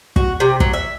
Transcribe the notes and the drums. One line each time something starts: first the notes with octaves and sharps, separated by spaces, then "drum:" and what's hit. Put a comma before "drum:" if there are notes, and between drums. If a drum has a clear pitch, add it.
F#4, drum: kick
C3
F#3, drum: kick
E5